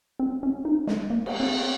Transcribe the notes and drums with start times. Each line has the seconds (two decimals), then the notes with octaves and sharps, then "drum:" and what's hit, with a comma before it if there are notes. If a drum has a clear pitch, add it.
0.19 C4
0.43 C#4
0.65 D#4
0.87 G#3, drum: snare
1.10 A#3
1.26 drum: cymbal
1.40 C4